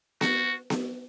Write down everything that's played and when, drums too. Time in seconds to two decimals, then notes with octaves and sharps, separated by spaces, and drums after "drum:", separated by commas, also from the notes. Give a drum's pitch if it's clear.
0.21 F#4, drum: snare B3
0.70 drum: snare B3